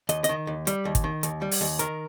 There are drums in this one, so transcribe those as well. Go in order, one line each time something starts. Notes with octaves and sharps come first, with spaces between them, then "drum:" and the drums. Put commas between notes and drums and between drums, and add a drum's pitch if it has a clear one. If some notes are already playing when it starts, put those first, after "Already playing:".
D#2 D#5, drum: hi-hat
D#5, drum: hi-hat
D#3
D#2
G3, drum: hi-hat
D#2
drum: kick, hi-hat
D#3
D#2, drum: hi-hat
G3
drum: open hi-hat
D#2
D#3 A#4, drum: hi-hat